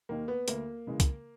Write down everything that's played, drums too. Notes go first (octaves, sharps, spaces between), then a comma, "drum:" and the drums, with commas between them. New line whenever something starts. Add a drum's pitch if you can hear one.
D#2 D#3 A#3
B3
D2 A#3, drum: hi-hat
C#3 E3 G#3
drum: kick C2, hi-hat